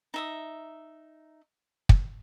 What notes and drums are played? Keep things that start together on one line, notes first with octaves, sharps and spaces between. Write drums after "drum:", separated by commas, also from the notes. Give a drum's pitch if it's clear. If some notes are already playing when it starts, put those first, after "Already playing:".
D#4 E5 D#6
drum: kick